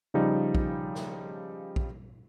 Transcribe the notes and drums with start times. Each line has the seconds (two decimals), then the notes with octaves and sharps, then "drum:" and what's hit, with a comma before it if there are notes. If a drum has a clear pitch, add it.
0.14 C#3 F3 G3 D#4
0.55 drum: kick
0.95 drum: snare
1.76 drum: kick